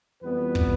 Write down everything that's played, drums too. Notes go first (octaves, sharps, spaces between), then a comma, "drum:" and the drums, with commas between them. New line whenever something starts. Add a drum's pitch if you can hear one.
F2 E3 G3 B3 B4
drum: kick